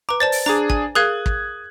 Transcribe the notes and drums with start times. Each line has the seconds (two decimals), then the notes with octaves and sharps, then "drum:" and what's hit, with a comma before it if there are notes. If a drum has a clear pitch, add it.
0.09 B4 A#5 D6
0.20 C5 D5 A5 A6
0.32 drum: open hi-hat
0.46 D4 G#4 A#5 D6
0.70 G#5, drum: kick
0.95 G#4 A#4 F5 D#6 F#6 G#6
1.26 drum: kick